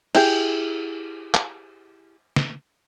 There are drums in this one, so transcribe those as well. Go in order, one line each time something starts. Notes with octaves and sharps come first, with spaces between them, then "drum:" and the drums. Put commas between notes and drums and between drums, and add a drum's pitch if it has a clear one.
E4 G4 G#4, drum: cymbal
drum: clap
drum: snare